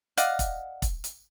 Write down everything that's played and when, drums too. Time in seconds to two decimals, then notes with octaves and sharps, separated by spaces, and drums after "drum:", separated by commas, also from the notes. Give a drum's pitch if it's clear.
0.17 D5 D#5 F5 F#5, drum: hi-hat
0.39 drum: kick, hi-hat
0.82 drum: kick, hi-hat
1.04 drum: hi-hat